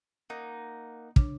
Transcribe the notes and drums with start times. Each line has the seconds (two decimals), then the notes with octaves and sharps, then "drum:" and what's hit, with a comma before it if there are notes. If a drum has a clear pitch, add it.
0.30 A#3 D#4 F#5
1.16 C#3 D4, drum: kick